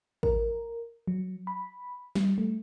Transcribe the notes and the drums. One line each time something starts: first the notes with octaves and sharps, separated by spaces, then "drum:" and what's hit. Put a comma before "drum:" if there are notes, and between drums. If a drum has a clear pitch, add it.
A#4, drum: kick
F#3
B5
G3, drum: snare
A3